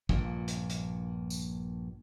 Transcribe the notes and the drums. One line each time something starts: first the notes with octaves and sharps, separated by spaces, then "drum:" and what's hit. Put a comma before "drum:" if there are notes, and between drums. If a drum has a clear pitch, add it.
A#1 G2 A#2, drum: kick
drum: hi-hat
drum: hi-hat
drum: tambourine